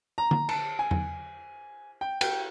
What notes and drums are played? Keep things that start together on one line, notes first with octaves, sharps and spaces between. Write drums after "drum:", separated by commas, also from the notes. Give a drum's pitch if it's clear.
A#5
drum: tom D3
A5, drum: cymbal
G#5
drum: tom E2
G5
G5, drum: cymbal